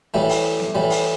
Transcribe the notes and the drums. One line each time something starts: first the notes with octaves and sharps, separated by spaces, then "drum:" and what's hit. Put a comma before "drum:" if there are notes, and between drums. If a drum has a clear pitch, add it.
A2 E3 G3 A3
drum: open hi-hat
drum: snare B3
A2 E3 G3
drum: open hi-hat